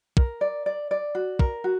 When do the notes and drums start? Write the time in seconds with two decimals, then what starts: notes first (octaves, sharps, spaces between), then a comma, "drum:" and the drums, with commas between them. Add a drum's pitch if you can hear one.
0.17 A#4, drum: kick
0.41 D5
0.66 D5
0.91 D5
1.15 F#4
1.39 A#4, drum: kick
1.64 F#4